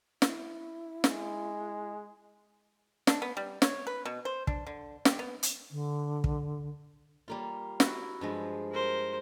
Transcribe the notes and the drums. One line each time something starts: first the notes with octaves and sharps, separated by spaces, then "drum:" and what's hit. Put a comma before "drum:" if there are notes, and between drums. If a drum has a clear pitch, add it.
E4, drum: snare
G#3, drum: snare
D4, drum: snare
B3
G3
C#5, drum: snare
B4
B2
C5
D4, drum: kick
D3
G4, drum: snare
B3
drum: hi-hat
D3
drum: kick
G3 A#3 F4
E4 F#4, drum: snare
G2 F3 G#3
A#4 C5